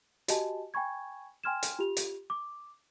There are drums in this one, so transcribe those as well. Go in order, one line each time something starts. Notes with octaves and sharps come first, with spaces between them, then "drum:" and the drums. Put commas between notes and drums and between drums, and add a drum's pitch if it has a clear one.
F#4 G4 D#5 G#5 A5, drum: hi-hat
G5 G#5 B5 C#6 G#6
G5 G#5 C6 F6 G#6 E7
drum: hi-hat
F4 G4 F7
drum: hi-hat
D6